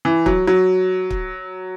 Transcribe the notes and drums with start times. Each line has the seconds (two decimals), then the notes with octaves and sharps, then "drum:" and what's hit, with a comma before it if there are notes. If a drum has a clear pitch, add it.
0.05 E3
0.26 F#3, drum: kick
0.47 F#3
1.10 drum: kick